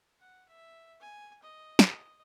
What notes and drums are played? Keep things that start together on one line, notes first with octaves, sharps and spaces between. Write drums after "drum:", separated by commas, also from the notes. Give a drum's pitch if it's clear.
F#5
E5
G#5
D#5
drum: snare
D#5